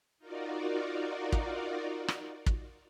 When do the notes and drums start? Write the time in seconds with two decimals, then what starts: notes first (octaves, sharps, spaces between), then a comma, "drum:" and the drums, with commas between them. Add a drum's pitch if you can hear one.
0.18 D#4 F4 F#4 A#4 D5
1.32 drum: kick
2.08 drum: rim click
2.46 drum: kick